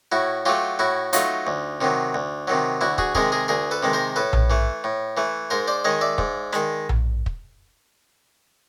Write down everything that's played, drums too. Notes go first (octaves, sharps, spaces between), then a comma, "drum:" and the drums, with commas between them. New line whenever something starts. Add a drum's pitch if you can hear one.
A2 E4 F#4
F#3 A3 F4 G4
A2 E4 F#4
F#3 A3 D#4 F4, drum: hi-hat
D2
C3 D#3 F#3
D2
C3 D#3 F#3
D2 E4 F#4
F#4 G#4, drum: kick
C3 D#3 G#3 G#4 A#4, drum: kick
G#4 A#4
D2 G#4 A#4
A4 B4
C3 D#3 G#3
A#4 C5
A2 A4 B4
drum: tom A#1
E3 A3
A2
E3 A3
G#2 A#4 C5
C5 D5
D#3 G#3 C#5 D#5
D5 E5
G#2, drum: kick
D#3 G#3, drum: rim click
drum: tom A#1
drum: kick